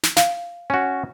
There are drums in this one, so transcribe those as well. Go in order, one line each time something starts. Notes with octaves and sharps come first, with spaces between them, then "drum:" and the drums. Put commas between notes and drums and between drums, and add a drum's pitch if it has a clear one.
drum: snare
F5, drum: snare
C#4 F#4